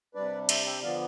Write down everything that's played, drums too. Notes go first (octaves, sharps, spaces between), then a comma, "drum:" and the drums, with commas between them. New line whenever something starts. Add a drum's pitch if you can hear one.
C3 G3 D4 B4 D5
C5 E5, drum: cymbal
E5 G5
D3 F3 B3 D4 D5 F5